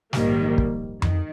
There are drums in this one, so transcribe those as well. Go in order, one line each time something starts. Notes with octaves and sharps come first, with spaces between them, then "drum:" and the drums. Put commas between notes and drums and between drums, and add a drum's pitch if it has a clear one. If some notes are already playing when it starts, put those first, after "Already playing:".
A#1 G#2 D#3 G3 A#3, drum: snare
drum: kick
D#3, drum: tom F2